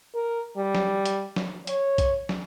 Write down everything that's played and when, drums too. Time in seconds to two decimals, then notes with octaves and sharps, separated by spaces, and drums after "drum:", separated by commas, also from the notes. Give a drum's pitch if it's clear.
0.14 A#4
0.57 G3
0.75 drum: snare
1.06 drum: hi-hat
1.36 drum: snare
1.67 C#5, drum: hi-hat
1.98 drum: kick, hi-hat
2.29 drum: snare